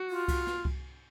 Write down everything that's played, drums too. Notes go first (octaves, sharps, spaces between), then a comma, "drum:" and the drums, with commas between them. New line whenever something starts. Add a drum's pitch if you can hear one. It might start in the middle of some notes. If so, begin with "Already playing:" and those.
Already playing: F#4
F4
drum: kick C2, cymbal
drum: snare
drum: kick C2